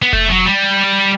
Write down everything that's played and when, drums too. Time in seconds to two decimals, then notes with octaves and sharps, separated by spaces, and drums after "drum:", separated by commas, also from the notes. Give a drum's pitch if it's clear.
0.02 B3
0.13 A3, drum: kick F1
0.29 F#3
0.46 G3